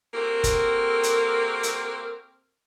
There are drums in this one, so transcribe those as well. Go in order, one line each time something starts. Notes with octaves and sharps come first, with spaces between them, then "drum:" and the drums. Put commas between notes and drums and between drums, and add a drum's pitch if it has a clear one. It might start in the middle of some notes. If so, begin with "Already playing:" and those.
A#3 C4 F#4 G4 A4 A#4
drum: kick, hi-hat
drum: hi-hat
drum: hi-hat